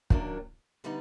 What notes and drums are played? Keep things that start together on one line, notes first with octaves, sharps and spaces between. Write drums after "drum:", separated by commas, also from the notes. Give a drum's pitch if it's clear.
F#2 D#3 F#3 A#3 D4, drum: kick
D3 G3 B3 D#4